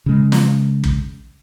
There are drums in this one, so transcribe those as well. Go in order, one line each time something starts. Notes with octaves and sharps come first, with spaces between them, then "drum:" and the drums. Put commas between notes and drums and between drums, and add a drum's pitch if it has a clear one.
C#3 G#3
drum: snare
drum: kick